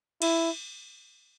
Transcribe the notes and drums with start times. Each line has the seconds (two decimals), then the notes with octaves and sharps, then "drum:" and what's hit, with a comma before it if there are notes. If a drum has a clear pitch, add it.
0.22 E4, drum: cymbal